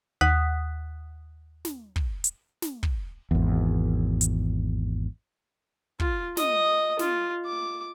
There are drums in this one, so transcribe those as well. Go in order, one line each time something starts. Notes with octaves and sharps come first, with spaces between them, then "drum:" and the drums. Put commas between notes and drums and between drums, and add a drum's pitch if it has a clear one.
D#2 F#5 D#6 F#6 B6
drum: snare
drum: kick
drum: hi-hat
drum: snare
drum: kick
G#1 E2
drum: hi-hat
F4, drum: kick
D#5 D#6, drum: snare
F4, drum: snare
D6